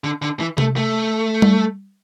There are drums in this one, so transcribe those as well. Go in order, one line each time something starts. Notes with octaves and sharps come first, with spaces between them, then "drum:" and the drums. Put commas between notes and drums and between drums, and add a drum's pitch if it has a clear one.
D3
D3
E3
A3, drum: tom C3
A3
drum: tom G3